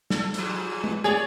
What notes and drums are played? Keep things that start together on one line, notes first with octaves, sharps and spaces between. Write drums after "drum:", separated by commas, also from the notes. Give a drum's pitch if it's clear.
A4, drum: snare
G#2 F3, drum: hi-hat
drum: tom
G#4 C#5 D5